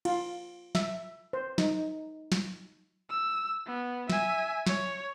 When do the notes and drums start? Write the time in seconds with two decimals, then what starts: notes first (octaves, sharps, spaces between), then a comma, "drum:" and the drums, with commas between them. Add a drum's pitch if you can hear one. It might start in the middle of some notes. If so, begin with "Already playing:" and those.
0.05 F4, drum: cymbal
0.75 E5, drum: snare
1.33 C5
1.58 D#4, drum: snare
2.32 drum: snare
3.10 E6
3.67 B3
4.10 E5 G#5, drum: snare
4.67 C#5, drum: snare